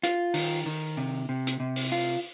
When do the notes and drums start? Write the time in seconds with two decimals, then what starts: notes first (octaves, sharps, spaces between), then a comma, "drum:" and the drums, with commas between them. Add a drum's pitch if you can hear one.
0.03 F4, drum: hi-hat
0.34 D#3, drum: open hi-hat
0.66 D#3
0.97 C3
1.29 C3
1.47 drum: hi-hat
1.60 C3
1.76 drum: open hi-hat
1.92 F4